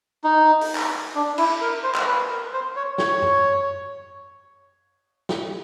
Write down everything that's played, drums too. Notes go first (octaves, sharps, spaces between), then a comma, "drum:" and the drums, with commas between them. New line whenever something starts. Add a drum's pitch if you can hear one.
D#4
drum: open hi-hat
drum: clap
D4
E4, drum: cymbal
A#4
C5
drum: clap
B4
A#4
C5
C#5
C#5, drum: snare
drum: tom F#2
drum: snare